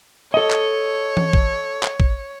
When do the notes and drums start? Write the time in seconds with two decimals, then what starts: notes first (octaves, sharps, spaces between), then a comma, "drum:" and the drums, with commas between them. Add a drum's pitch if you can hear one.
0.34 A4 C#5 D#5
0.51 drum: clap
1.17 drum: tom E3
1.33 drum: kick
1.83 drum: clap
2.00 drum: kick